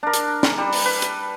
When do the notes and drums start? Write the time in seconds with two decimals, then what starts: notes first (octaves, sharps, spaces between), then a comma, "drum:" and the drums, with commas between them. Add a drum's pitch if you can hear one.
0.03 D4 A#4
0.13 drum: hi-hat
0.43 drum: snare
0.58 G3
0.73 drum: open hi-hat
0.85 B4
1.02 drum: hi-hat